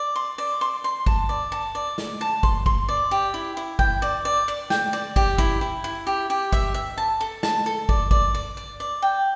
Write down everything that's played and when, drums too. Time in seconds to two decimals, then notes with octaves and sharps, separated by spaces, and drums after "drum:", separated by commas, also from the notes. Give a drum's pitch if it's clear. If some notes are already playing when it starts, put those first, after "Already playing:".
Already playing: D5
0.16 C6
0.38 D5
0.61 C6
0.84 C6
1.06 A5, drum: kick
1.29 D5
1.52 A5
1.75 D5
1.98 D5, drum: snare
2.21 A5
2.43 C6, drum: kick
2.66 C6, drum: kick
2.88 D5
3.11 G4
3.34 E4
3.57 E4
3.79 G5, drum: kick
4.02 D5
4.25 D5
4.48 D5
4.70 G5, drum: snare
4.93 D5
5.16 G4, drum: kick
5.38 E4, drum: kick
5.61 E4
5.84 E4
6.07 G4
6.30 G4
6.52 E5, drum: kick
6.74 E5
6.98 A5
7.20 A4
7.43 A5, drum: snare
7.66 A4
7.89 D5, drum: kick
8.11 D5, drum: kick
8.34 D5
8.57 D5
8.80 D5
9.02 G5